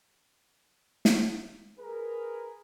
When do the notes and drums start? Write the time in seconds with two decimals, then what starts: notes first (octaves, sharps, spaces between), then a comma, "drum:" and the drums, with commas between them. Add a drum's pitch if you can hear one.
1.05 drum: snare
1.79 G#4 A#4 B4